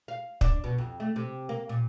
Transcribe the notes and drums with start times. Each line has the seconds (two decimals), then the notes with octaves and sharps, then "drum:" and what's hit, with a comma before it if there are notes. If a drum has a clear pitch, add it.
0.08 F5
0.41 D4, drum: kick
0.64 B2
0.78 F2
1.00 A3
1.16 C3
1.49 A#3
1.69 A#2